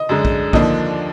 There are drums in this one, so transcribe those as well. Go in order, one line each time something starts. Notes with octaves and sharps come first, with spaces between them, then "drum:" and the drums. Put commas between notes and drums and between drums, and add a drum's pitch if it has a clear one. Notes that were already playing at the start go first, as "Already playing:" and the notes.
Already playing: D#5
F#2 D3 G#3
drum: kick
D#2 D3 F3 A#3 D4 D#5, drum: kick